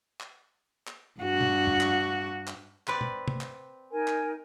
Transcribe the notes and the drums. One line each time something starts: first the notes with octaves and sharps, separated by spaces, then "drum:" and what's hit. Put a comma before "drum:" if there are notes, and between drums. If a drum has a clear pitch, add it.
drum: clap
drum: clap
G2 F#4
drum: tom
drum: tom F2
drum: clap
drum: clap
C4 B4 D5, drum: clap
drum: tom
drum: tom
drum: clap
D#4 A#4 G#5
drum: clap